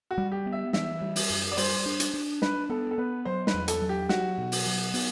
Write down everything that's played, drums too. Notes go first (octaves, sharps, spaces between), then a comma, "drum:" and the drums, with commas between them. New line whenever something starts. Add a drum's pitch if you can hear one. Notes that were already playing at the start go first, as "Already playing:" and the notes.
F#4
G3
G4
B3
E5
E3 E5, drum: snare
G3
drum: open hi-hat
F#2
D5
G3 C5, drum: open hi-hat
D4
drum: hi-hat
D4
D4 B4, drum: snare
B3 A4
A4
B3 B4
F#3 C5
B4, drum: snare
E2
A4, drum: hi-hat
F#3
G4
F#3 F#4, drum: snare
B2
drum: open hi-hat
F#3
B3, drum: open hi-hat